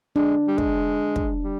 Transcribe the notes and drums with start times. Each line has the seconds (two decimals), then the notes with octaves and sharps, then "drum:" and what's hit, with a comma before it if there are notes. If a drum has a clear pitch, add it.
0.16 G#3 D4
0.47 G3
0.58 G#3, drum: kick
1.16 drum: kick
1.44 G3